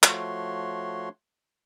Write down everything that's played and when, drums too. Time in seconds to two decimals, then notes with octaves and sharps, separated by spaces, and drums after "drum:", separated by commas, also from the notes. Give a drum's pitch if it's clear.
0.03 F3 A3 F#4 C#5 C6, drum: clap